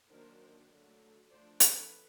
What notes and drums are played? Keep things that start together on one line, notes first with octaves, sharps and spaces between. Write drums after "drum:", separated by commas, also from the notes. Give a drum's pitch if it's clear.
D#3 F#3 A#3 D4 A#4 C5
D3 F#3 A3
F3 A3 D4 C5 D5
A4 B4, drum: hi-hat